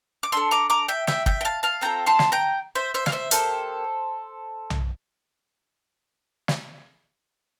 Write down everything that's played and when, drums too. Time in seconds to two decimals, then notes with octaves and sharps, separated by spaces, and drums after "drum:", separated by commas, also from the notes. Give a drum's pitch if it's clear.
0.23 D6
0.32 D4 A4 C6 E6
0.51 A#5 D6
0.70 A#5 D6
0.88 E5 G5
1.07 E5 G5, drum: snare
1.26 E5 G5, drum: kick
1.41 G5
1.45 F5 A5
1.63 F5 A5
1.81 C4 F4 A4 G5 A#5
2.06 A5 C6
2.19 drum: snare
2.32 G5 A#5
2.75 C5 E5
2.94 C5 E5
3.06 F5, drum: snare
3.12 C5 E5
3.31 A#3 D4 G4 A4 C5, drum: hi-hat
4.70 drum: tom B1
6.48 drum: snare